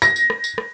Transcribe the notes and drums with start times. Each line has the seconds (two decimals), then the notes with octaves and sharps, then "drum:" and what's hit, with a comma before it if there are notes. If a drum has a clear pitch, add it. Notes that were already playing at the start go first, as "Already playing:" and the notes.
0.02 A#6, drum: tambourine
0.16 drum: tambourine
0.30 drum: rim click
0.44 drum: tambourine
0.58 drum: rim click